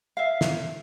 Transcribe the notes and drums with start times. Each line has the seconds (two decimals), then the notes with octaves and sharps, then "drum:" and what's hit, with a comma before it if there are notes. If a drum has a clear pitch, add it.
0.17 E5 F5
0.41 drum: snare